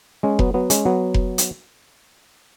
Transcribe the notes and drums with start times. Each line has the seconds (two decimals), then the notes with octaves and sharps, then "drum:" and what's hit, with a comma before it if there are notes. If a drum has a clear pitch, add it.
0.23 G#3 C#4
0.39 F#3 B3, drum: kick F1
0.54 F#3 B3
0.70 G#3 C#4, drum: hi-hat
0.85 F#3 B3
1.14 drum: kick F1
1.38 drum: hi-hat